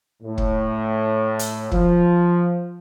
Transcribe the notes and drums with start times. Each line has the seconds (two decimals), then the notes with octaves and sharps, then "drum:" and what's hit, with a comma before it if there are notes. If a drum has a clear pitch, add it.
0.22 A2
0.38 drum: kick
1.39 drum: hi-hat
1.72 F3, drum: kick